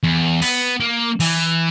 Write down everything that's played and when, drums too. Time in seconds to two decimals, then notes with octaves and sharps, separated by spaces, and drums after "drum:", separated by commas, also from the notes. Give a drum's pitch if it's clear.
0.03 E2
0.42 B3, drum: open hi-hat
0.80 A#3
1.20 E3, drum: open hi-hat